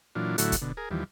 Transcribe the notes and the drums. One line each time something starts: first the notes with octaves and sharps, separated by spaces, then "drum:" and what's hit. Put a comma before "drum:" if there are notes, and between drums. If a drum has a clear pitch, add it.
A#2 E3 F#3 D4 F4
A2 D3 F#3 A3 E4 F#4, drum: hi-hat
drum: kick, hi-hat
B2 D3
G#4 A#4
D#2 E3 F3 G3